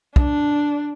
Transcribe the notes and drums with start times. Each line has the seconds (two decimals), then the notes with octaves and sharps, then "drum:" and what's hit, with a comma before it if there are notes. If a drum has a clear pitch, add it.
0.16 D4, drum: kick